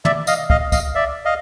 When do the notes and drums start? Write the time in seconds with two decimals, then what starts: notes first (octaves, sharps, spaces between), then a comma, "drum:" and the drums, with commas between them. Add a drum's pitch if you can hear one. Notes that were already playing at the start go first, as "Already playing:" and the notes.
0.05 D5 E5, drum: tom
0.27 D#5 F5, drum: tambourine
0.50 D#5 F5, drum: kick
0.72 D#5 F5, drum: kick, tambourine
0.95 D5 E5
1.25 D#5 F5